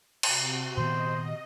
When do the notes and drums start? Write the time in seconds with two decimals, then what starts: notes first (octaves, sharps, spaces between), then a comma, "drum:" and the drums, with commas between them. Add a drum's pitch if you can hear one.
0.23 C3 F#4, drum: cymbal
0.77 A#2 D#3 B3 C5 D#5